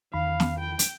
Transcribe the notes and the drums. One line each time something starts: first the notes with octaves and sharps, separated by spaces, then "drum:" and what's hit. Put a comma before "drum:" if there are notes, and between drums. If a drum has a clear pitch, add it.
E2 D#3 F5 B5
drum: snare
G5
drum: hi-hat